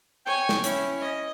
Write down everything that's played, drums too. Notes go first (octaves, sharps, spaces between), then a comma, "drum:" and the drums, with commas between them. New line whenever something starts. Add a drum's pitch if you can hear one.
C#5 G5 G#5
drum: snare
C#4 E4, drum: hi-hat
D#5